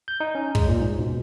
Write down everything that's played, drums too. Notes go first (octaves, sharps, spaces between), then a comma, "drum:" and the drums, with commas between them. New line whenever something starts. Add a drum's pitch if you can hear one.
G6
D#4
C#4
G#3, drum: kick
A#2
G#2
B2